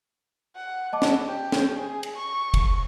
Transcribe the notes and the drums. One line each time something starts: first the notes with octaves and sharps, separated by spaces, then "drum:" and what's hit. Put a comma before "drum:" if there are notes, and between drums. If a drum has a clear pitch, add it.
F#5
D#5 A5 D6
drum: snare
G4
drum: snare
G#4
drum: cymbal
C#6
drum: kick, cymbal